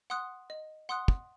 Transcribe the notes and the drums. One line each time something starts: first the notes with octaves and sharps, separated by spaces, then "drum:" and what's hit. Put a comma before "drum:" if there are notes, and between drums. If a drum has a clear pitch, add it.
F#5 C6 D#6 F#6
D#5
F#5 C6 D#6 F#6
drum: kick